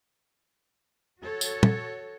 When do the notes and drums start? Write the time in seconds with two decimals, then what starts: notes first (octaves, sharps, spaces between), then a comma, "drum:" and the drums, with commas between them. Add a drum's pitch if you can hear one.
1.22 F#4 A4 C#5
1.41 drum: tambourine
1.63 drum: tom